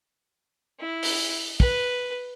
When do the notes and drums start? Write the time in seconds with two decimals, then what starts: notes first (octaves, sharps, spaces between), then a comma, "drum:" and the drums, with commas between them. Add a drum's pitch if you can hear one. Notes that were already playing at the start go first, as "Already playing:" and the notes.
0.80 E4
1.03 drum: open hi-hat
1.60 B4, drum: kick